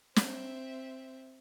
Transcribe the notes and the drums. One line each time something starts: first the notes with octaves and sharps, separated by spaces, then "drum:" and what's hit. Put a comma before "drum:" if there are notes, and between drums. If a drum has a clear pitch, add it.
C4 E5, drum: snare